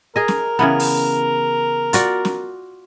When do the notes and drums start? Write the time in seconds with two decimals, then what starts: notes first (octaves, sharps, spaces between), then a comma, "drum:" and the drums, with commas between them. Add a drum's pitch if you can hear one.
0.16 G#4 A#4 D#5
0.28 drum: snare
0.59 C#3 E3 B3
0.80 drum: open hi-hat
1.93 F4 F#4 D5, drum: hi-hat
2.25 drum: snare